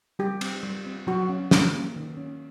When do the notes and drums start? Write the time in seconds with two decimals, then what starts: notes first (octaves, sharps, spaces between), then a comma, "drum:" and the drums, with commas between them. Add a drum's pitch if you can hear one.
0.19 G3 G4
0.41 C4, drum: cymbal
0.63 G3
0.86 C4
1.07 F#3 F#4
1.29 C#4
1.51 C#4, drum: snare
1.73 A#3
1.96 D#3
2.17 C#4